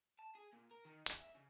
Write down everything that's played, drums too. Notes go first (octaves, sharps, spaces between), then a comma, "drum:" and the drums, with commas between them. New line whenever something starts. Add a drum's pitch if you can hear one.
A5
G#4
A#2
A#4
D#3
E2, drum: hi-hat
E5
C#3